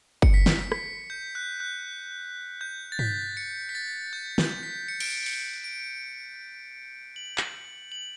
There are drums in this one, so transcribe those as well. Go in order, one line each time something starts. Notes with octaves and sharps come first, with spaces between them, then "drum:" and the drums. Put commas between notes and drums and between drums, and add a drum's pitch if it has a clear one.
C#7, drum: kick F#1
B6
drum: snare
B6, drum: rim click
G6
F#6
F#6
G6
A6
B6, drum: tom
C#7
B6
A6
G6
G6, drum: snare
B6
C#7
D7, drum: cymbal
C#7
C#7, drum: open hi-hat
D7
F#7
drum: clap
F#7